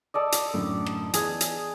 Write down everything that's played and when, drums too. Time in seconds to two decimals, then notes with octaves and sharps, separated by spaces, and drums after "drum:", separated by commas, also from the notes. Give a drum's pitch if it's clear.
0.14 A4 D5 D#5
0.32 drum: hi-hat
0.54 F#2 A2 D3
0.86 drum: rim click
1.14 E3 B3 G#4, drum: hi-hat
1.41 drum: hi-hat